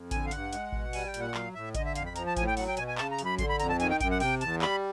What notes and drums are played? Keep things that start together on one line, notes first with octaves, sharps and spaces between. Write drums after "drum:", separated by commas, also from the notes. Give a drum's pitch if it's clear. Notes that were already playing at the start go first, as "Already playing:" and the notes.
Already playing: F2
D3 G#5, drum: kick A1, hi-hat
F5
G2 F#5, drum: hi-hat
G#3, drum: hi-hat
B2, drum: kick A1
G3 G#5, drum: open hi-hat
G5
A#2, drum: hi-hat
F#5
F#3 F5, drum: clap
A2 E5
D3 D#5, drum: kick A1, hi-hat
E5
F2 F5, drum: hi-hat
B5
F3 A#5, drum: hi-hat
A5
A2 G#5, drum: kick A1, hi-hat
G5
F#3 F#5, drum: open hi-hat
G5
B2 G#5, drum: hi-hat
G#5
C#3 A5, drum: clap
A#5
F#2, drum: hi-hat
B5
D3 C6, drum: kick A1, hi-hat
B5
F2 A#5, drum: hi-hat
A5
D#3 G#5, drum: hi-hat
G5
F#2 G5, drum: kick A1, hi-hat
F#5
C3 G5, drum: open hi-hat
E2 A5, drum: hi-hat
G3 B5, drum: clap